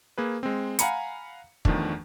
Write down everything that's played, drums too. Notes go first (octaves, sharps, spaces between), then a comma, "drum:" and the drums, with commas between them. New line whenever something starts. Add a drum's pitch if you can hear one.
A#3 G#4 B4
G#3 C4
F5 F#5 G#5 A#5 B5 C#7, drum: hi-hat
E2 D#3 F3 A3 D4, drum: kick